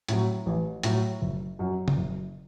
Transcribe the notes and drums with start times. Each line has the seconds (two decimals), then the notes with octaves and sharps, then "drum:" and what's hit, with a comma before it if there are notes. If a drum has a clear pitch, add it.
0.08 A2 F#3, drum: hi-hat
0.46 A1
0.83 A2 F#3, drum: hi-hat
1.22 F#1
1.59 F#2 F#3
1.88 drum: tom C#3
1.97 F#1